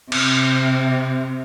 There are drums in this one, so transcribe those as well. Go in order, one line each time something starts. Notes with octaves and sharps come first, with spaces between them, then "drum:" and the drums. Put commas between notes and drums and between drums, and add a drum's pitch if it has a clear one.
C3, drum: cymbal